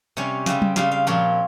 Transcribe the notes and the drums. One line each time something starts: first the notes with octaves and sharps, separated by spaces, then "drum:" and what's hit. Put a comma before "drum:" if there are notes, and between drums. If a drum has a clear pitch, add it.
C3 G3 C#4 C#5
C#3 G3 C4, drum: snare
drum: tom F#3
C#3 G3 C4 F5, drum: snare
F5
A#2 F3 C4 C#5